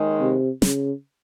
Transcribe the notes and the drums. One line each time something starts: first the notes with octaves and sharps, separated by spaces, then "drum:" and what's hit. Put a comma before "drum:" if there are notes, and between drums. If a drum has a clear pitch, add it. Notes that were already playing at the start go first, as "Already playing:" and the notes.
Already playing: D#2 D#3 G#3
C3
C#3, drum: snare